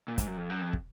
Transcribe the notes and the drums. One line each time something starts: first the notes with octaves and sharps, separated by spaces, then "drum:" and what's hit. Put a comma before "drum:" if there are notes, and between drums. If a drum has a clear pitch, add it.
A#2
G#2, drum: kick, hi-hat
F#2
F2
F#2
F2
drum: kick